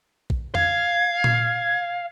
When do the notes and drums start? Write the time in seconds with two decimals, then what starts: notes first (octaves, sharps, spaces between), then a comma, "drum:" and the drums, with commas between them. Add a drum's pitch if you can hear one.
0.30 drum: kick
0.55 F5 G#6, drum: tom F2
1.24 drum: tom A#2